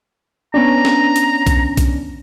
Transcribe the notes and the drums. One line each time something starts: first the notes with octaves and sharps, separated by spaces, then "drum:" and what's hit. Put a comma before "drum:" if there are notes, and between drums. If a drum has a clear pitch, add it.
B3 C#4 D4 A#5
drum: snare
drum: hi-hat
drum: kick B1, hi-hat
drum: kick B1, hi-hat